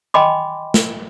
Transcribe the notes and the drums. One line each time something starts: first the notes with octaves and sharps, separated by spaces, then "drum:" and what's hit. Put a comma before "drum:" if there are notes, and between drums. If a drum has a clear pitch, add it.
D#5 G5 G#5 B5 C6 D6
drum: snare